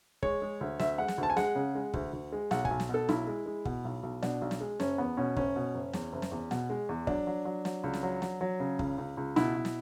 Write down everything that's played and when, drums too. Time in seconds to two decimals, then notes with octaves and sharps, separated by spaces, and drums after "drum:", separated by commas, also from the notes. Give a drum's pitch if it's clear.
0.23 G#3 C#5, drum: kick
0.42 G#3
0.61 D2
0.79 D2 E5, drum: snare
0.98 G#3 F#5
1.08 drum: snare
1.18 D2
1.23 A5
1.30 G#5
1.37 G#3 F#5, drum: snare
1.55 C#3
1.75 G#3
1.94 D2, drum: kick
2.13 D2
2.32 G#3
2.51 B1 F#5, drum: snare
2.65 G#5, drum: kick
2.71 B1
2.80 drum: snare
2.89 B2
2.94 A4
3.09 B1 E4, drum: snare
3.27 G#3
3.46 G#3
3.65 B2, drum: kick
3.85 B1
4.03 B1
4.22 B2 D4, drum: snare
4.42 B1
4.51 drum: snare
4.61 G#3
4.80 F#1 C#4, drum: snare
4.98 E2 B3
5.17 B2 C#4
5.37 F#1 C#4, drum: kick
5.56 B2
5.74 F#1
5.93 E2, drum: snare
6.13 F#1
6.22 drum: snare
6.32 E2
6.51 B2, drum: snare
6.70 G#3
6.89 E2
7.07 F#3 D4, drum: kick
7.27 F#3
7.45 F#3
7.65 F#3, drum: snare
7.84 C#2
7.93 drum: snare
8.03 F#3
8.22 F#3, drum: snare
8.41 F#3
8.60 C#3
8.79 C#2, drum: kick
8.98 C#2
9.17 C#2
9.36 B2 E4, drum: snare
9.55 B2
9.65 drum: snare